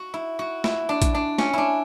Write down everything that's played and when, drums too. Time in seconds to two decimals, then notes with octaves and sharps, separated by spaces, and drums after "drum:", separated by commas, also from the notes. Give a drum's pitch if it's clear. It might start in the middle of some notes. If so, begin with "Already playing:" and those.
Already playing: F#4
0.14 E4
0.39 F#4
0.64 E4, drum: snare
0.89 D4
1.02 drum: kick A#1, hi-hat
1.15 D4
1.38 C#4, drum: snare
1.53 D4 E4